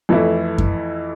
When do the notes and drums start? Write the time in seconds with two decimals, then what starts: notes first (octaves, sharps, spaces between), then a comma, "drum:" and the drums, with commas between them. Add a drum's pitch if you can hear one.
0.09 F2 E3 A3 E4
0.58 drum: kick F#2